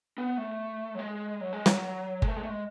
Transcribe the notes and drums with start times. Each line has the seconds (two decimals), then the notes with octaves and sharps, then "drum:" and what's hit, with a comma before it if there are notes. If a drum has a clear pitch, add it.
0.18 B3
0.38 A3
0.95 F#3
0.99 G#3
1.41 F#3
1.53 G#3
1.66 F#3, drum: snare
2.22 G#3, drum: kick G1
2.28 A3
2.36 G#3
2.43 A3
2.50 G#3